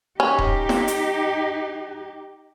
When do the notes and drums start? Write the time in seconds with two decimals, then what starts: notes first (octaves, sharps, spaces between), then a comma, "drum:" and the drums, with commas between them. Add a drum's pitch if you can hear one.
0.20 C#4 D#4 G4
0.38 drum: kick D#1
0.69 drum: snare
0.88 drum: hi-hat